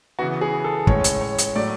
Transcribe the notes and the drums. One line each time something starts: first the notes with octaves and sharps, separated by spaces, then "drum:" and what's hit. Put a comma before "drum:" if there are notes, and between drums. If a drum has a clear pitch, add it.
C#3 E3 B3 F#4
G#4
A4
A2 G#3 C#4 C#5, drum: kick
drum: hi-hat
C#5
drum: hi-hat
A2 F#3 A3 D5